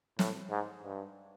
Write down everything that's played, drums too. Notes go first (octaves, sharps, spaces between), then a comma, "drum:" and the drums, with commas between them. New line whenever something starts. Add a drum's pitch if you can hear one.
A2, drum: snare
G#2
G2